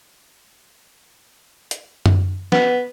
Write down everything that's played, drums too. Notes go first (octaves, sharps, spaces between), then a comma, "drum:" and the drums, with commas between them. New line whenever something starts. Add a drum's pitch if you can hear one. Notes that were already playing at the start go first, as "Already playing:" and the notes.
drum: hi-hat
drum: tom F#2
B3, drum: snare